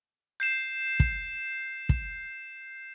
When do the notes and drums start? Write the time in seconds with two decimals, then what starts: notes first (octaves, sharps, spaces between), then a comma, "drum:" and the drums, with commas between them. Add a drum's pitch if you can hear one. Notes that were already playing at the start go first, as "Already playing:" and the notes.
0.40 G6 C7 E7
1.00 drum: kick
1.89 drum: kick